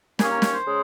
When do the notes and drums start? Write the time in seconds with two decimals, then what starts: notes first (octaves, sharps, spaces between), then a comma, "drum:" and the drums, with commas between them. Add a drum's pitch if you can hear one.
0.19 D#2 D#3 A#3 C#4 G#4, drum: snare
0.30 A#4
0.42 C#5, drum: snare
0.53 C5
0.66 C#3 G#3